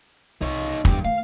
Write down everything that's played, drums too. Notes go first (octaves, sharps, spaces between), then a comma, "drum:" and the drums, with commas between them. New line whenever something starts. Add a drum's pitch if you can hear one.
C2 D#4 C#5
E2 G2 D3 G4, drum: kick
D#3 A3 F5